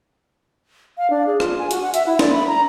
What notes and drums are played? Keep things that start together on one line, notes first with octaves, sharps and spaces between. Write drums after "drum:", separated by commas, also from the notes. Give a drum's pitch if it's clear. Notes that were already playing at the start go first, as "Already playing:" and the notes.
F5
D4
G#4
F4, drum: rim click
G#5
F#4, drum: hi-hat
F#5
E5, drum: hi-hat
E4
D5, drum: snare
B5
A#5